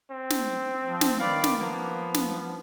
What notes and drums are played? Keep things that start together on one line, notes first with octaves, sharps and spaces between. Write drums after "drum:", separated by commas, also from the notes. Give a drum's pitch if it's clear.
C4
drum: snare
F3
drum: snare
D#3 B4 D5 F5
drum: snare
F3 A#3 B3
drum: snare